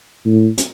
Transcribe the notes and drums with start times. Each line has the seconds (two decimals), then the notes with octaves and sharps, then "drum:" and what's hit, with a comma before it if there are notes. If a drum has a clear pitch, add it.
0.26 A2
0.58 drum: hi-hat